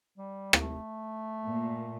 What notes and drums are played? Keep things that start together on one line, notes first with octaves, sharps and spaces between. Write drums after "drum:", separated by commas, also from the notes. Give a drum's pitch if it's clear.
G3
A#3, drum: rim click
A3
A#2